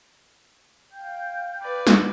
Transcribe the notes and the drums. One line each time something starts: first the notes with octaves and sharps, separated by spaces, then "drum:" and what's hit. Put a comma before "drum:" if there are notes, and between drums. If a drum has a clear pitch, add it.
F5 G5 G6
B4 D5
drum: snare